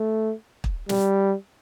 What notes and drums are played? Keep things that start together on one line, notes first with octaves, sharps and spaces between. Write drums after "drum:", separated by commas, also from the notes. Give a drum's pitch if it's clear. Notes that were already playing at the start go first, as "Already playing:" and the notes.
Already playing: A3
drum: kick
G3, drum: snare